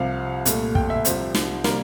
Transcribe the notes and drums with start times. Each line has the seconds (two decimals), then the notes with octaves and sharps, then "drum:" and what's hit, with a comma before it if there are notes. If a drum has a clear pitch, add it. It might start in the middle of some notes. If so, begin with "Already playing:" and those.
Already playing: C2 C3 F3 F5
0.46 C2 A#2 A3, drum: hi-hat
0.75 G5, drum: kick
0.90 E5
1.05 C2 C3 F3 C5, drum: hi-hat
1.35 drum: snare
1.64 C3 G3 A#3 A#4, drum: snare